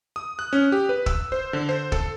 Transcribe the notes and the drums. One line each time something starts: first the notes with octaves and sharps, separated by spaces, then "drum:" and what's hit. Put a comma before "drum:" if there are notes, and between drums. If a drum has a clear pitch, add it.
D#6
F#6
C#4
G4
B4
E6, drum: kick
C5
D3
C5
A4, drum: kick